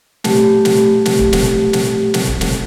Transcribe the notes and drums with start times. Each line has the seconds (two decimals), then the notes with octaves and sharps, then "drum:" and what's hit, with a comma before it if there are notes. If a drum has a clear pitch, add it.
0.24 A3 G4, drum: snare
0.65 drum: snare
1.05 drum: snare
1.19 drum: kick
1.33 drum: snare
1.73 drum: snare
2.14 drum: snare
2.27 drum: kick
2.41 drum: snare